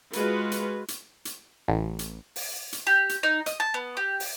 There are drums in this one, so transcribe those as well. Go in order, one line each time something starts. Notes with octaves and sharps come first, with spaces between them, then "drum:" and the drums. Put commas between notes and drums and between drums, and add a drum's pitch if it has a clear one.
G#3 F4 F#4 B4, drum: hi-hat
drum: hi-hat
drum: hi-hat
drum: hi-hat
A1
drum: hi-hat
drum: open hi-hat
drum: hi-hat
G4
drum: hi-hat
D#4
D#5, drum: hi-hat
A5
B3
G4
drum: open hi-hat